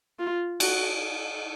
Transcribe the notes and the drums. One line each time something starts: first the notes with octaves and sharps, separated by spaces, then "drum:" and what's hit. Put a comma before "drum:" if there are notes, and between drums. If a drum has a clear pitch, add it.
F4
F#4, drum: cymbal